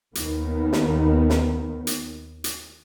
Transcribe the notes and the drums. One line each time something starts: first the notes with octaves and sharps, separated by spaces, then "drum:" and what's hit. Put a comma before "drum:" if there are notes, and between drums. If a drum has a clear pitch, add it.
D#2 D#3 B3, drum: hi-hat
drum: snare
drum: snare
drum: hi-hat
drum: hi-hat